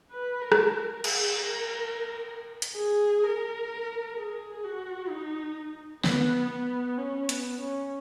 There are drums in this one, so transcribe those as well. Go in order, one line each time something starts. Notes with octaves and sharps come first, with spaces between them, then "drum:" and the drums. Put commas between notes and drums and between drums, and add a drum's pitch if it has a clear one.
B4
A#4
drum: rim click
A#4
G#4, drum: cymbal
A#4
drum: hi-hat
G#4
A#4
G#4
F#4
D#4
B3, drum: snare
B3
C#4
B3, drum: hi-hat
C#4